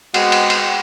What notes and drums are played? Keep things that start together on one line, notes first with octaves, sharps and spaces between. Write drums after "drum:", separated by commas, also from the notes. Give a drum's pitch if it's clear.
G#3 B3 C4 F#4 G5, drum: cymbal
drum: cymbal
drum: cymbal